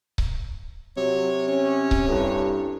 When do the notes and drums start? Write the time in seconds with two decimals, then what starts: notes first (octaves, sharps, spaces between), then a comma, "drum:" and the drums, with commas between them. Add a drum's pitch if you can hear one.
0.18 drum: kick C#1
0.97 C3 F#3 C#5
1.48 C#4 C#5
1.91 drum: kick C#1
2.09 G2 E4 A4